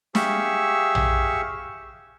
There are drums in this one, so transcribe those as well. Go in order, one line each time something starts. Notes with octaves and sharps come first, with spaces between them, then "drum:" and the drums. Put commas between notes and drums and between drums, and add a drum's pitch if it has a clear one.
G4 G#4 E5 F5 C#6 E6, drum: snare
drum: tom A#1